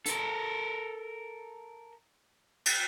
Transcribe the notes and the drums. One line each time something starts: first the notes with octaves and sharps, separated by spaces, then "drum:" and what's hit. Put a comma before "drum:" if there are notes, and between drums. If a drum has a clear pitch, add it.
A4 A#4, drum: hi-hat
drum: cymbal